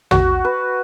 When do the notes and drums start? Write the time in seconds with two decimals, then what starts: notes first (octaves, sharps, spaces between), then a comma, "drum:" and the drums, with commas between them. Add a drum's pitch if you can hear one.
0.11 F#4, drum: tom
0.45 B4